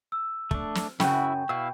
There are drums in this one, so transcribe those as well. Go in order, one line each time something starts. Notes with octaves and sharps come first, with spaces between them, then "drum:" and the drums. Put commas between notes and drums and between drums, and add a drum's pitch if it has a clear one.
E6
A3 D4, drum: kick
drum: snare
F#2 C#3 E4 F#4 G5 C#6 G6, drum: snare
B2 E4 F5 E6